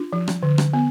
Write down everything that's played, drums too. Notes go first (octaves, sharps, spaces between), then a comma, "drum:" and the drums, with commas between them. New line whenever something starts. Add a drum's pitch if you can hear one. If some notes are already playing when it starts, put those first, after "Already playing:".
Already playing: D4 F4
F3
drum: rim click
D3
drum: rim click
B3